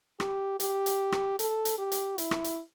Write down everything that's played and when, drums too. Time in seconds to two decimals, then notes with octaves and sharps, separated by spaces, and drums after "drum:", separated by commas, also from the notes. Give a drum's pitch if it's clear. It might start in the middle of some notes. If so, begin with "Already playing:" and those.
0.20 G4, drum: rim click
0.60 G4, drum: hi-hat
0.86 drum: hi-hat
1.12 drum: rim click
1.39 A4, drum: hi-hat
1.65 drum: hi-hat
1.78 G4
1.92 drum: hi-hat
2.18 E4, drum: hi-hat
2.31 drum: rim click
2.44 drum: hi-hat